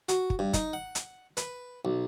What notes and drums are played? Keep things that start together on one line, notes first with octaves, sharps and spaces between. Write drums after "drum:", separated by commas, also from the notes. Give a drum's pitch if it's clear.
F#4, drum: hi-hat
drum: kick
G2
D#4, drum: kick, hi-hat
F#5
drum: hi-hat
B4, drum: hi-hat
B1